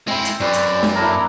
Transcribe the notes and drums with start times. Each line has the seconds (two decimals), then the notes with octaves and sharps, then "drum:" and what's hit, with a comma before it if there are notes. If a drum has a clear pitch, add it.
0.07 G#3 C4 E4
0.25 drum: hi-hat
0.40 F#2 C4 F#4 B4 D5
0.53 drum: hi-hat
0.82 drum: snare
0.95 A#3 D4 E4 A#5 B5